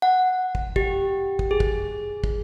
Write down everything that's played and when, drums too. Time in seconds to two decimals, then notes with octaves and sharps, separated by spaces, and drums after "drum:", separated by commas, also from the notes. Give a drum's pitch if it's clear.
0.02 F#5
0.55 drum: kick
0.76 G4, drum: kick
1.39 drum: kick
1.51 G#4
1.60 drum: kick
2.24 drum: kick